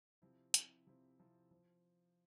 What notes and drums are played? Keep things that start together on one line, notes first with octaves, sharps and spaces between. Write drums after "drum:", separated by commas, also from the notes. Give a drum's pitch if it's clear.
C3 F3 C4 E4
C3 F3 C4 E4, drum: hi-hat
C3 F3 C4 E4
C3 F3 C4 E4
F3